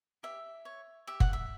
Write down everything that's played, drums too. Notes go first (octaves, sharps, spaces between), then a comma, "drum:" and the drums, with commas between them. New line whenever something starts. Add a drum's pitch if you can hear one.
G4 E5
C#5
G4 E5
F#5, drum: kick
E5